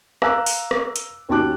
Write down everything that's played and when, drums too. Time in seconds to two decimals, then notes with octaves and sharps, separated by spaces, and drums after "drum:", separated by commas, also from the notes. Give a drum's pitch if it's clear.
0.22 F5 A#5 D6 E6 F#6, drum: rim click
0.46 drum: open hi-hat
0.71 drum: rim click
0.96 drum: hi-hat
1.29 D#2 C#4 F#4 A5 D6 F#6